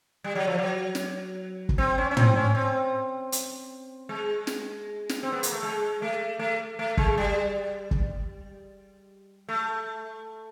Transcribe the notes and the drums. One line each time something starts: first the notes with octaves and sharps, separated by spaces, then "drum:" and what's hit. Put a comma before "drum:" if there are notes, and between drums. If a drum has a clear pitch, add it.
G3
F#3
F3
F#3
drum: snare
drum: kick
C4
C#4
C#4
C4, drum: tom
C#4
C4
drum: hi-hat
G#3
drum: snare
drum: snare
C4
B3
A#3, drum: hi-hat
A3
G#3
A3
A3
A3
G#3, drum: kick
G3
drum: kick
A3